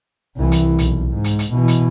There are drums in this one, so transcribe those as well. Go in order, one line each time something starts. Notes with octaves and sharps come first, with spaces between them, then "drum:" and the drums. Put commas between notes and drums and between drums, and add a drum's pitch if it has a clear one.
C2 E3
drum: hi-hat
B1, drum: hi-hat
G#2
drum: hi-hat
drum: hi-hat
B2 E3
drum: hi-hat